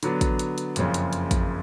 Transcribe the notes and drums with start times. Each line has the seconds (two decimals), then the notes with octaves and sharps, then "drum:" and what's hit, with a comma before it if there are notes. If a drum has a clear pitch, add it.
0.03 D3 F#3 B3 D4, drum: hi-hat
0.21 drum: kick, hi-hat
0.39 drum: hi-hat
0.58 drum: hi-hat
0.76 F#1 F2 C#3, drum: hi-hat
0.94 drum: hi-hat
1.13 drum: hi-hat
1.31 drum: kick, hi-hat